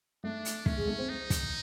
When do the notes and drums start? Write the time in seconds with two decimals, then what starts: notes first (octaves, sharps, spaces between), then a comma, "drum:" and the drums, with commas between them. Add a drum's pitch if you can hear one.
0.24 A3 D4
0.45 drum: hi-hat
0.66 A3 C#4, drum: kick
0.77 G#3
0.87 A3
0.98 C4
1.09 D#4
1.30 drum: kick, hi-hat